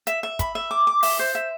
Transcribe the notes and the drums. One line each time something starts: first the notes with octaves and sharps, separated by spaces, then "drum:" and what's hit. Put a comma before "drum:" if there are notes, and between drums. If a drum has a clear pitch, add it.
E5, drum: hi-hat
E5
B5, drum: kick, hi-hat
E5
D6
D6
E5, drum: open hi-hat
C5
E5